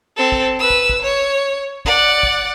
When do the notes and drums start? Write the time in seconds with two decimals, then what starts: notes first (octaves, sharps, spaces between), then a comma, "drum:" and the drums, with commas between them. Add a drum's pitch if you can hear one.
0.17 C4 A4
0.32 drum: kick
0.59 B4 E6
0.70 drum: kick
0.89 drum: kick
1.02 C#5
1.85 D5 F#5, drum: kick
2.23 drum: kick